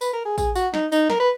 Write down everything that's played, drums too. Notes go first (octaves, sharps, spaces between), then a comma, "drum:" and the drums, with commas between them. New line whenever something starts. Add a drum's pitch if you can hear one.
B4, drum: tambourine
A#4
G#4
G#4, drum: kick A1, tambourine
F#4, drum: tambourine
D#4, drum: snare
D#4, drum: tambourine
A#4, drum: snare
B4